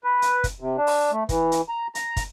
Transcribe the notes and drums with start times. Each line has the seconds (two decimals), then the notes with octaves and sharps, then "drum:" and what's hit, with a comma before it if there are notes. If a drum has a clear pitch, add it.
0.04 B4
0.22 drum: hi-hat
0.44 drum: kick, hi-hat
0.60 C3
0.77 D4
0.87 drum: open hi-hat
1.12 A3
1.29 E3, drum: kick, hi-hat
1.52 drum: hi-hat
1.69 A#5
1.95 A#5, drum: hi-hat
2.16 drum: kick, hi-hat